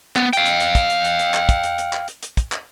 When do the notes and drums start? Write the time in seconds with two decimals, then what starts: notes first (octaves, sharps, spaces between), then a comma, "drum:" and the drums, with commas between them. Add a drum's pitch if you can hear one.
0.16 B3, drum: clap
0.33 F5 G5, drum: hi-hat
0.46 drum: hi-hat
0.60 drum: hi-hat
0.75 drum: kick, hi-hat
0.90 drum: hi-hat
1.05 drum: hi-hat
1.19 drum: hi-hat
1.34 drum: clap
1.49 drum: kick, hi-hat
1.64 drum: hi-hat
1.78 drum: hi-hat
1.93 drum: clap
2.08 drum: hi-hat
2.23 drum: hi-hat
2.37 drum: kick, hi-hat
2.52 drum: clap